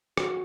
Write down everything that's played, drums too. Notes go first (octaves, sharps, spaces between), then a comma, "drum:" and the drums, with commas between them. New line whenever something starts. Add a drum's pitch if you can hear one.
F#4, drum: rim click